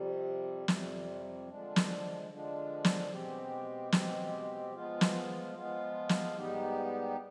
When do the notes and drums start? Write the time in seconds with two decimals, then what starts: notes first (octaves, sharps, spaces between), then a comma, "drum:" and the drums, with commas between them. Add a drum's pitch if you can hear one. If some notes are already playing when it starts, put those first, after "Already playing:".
Already playing: F2 C3 G3
0.68 F2 C3 G3, drum: snare
1.49 D3 F3 G#3 D4
1.76 drum: snare
2.30 D3 F3 G#3 D4
2.84 drum: snare
3.12 B2 G#3 C4 G4
3.92 B2 G#3 C4 G4, drum: snare
4.74 F3 G#3 B3 F4
5.01 drum: snare
5.55 F3 G#3 B3 F4
6.09 drum: snare
6.36 G#2 G3 B3 D#4 G4